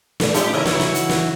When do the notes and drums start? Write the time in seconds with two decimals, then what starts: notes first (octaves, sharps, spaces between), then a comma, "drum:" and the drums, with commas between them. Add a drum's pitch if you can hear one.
0.20 A3 A4 D5, drum: snare
0.34 G3 A3 C#4 D#4 F4 G4, drum: hi-hat
0.53 C#3 E3 D#4 E4 A#4 D#5
0.65 E4 F#4, drum: snare
0.80 drum: snare
0.94 drum: hi-hat
1.09 drum: snare